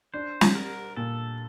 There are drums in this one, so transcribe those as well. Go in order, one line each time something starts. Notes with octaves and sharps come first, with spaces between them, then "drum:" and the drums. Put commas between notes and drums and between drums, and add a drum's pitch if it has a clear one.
D4 C5
drum: snare
G3 A#4
A#2 A4